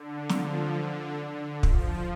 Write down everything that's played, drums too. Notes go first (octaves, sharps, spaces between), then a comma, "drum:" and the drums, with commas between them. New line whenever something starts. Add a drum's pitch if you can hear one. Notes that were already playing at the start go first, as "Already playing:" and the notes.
Already playing: D3
F3, drum: snare
D3
D3
F3, drum: kick